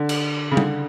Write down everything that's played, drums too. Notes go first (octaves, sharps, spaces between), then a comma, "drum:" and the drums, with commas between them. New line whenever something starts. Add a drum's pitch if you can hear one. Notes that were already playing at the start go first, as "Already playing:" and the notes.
Already playing: D3
drum: cymbal
C#3
D3, drum: tom